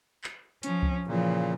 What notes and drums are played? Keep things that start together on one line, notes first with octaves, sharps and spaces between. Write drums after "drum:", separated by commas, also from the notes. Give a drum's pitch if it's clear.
drum: clap
F3 C#4, drum: hi-hat
drum: kick C#2
A#2 C#3 E3 F3